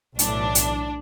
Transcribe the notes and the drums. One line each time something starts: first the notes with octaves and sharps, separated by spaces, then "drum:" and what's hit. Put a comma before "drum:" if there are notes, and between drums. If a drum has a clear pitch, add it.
B1 A2 E3 D4, drum: hi-hat
drum: hi-hat